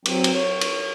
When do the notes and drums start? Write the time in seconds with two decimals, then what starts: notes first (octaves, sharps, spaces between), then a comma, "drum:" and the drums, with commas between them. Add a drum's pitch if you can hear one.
0.05 F#3 C4, drum: cymbal
0.24 drum: cymbal
0.34 C#5
0.61 drum: cymbal